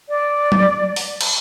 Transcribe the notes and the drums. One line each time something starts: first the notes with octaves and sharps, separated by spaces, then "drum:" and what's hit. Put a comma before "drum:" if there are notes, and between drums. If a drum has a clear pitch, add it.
D5
drum: tom F#3
drum: open hi-hat
drum: cymbal